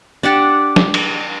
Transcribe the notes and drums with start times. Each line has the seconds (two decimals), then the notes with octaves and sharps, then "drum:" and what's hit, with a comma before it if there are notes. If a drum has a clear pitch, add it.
0.23 D4 G4 F#5 A5
0.76 drum: snare
0.94 drum: cymbal